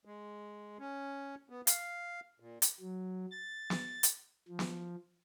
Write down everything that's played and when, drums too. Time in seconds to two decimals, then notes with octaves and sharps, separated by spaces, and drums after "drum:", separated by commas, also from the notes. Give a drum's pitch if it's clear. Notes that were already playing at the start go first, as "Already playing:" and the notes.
0.05 G#3
0.79 C#4
1.50 B3
1.67 F5, drum: hi-hat
2.40 A#2
2.62 drum: hi-hat
2.80 F#3
3.31 A6
3.70 drum: snare
4.03 drum: hi-hat
4.48 F3
4.59 drum: snare